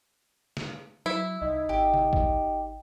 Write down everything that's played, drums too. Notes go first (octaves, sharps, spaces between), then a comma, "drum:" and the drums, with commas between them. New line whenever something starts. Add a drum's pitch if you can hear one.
drum: snare
F#3 E4
C2 D#4
G#1 G4
drum: tom C3
drum: kick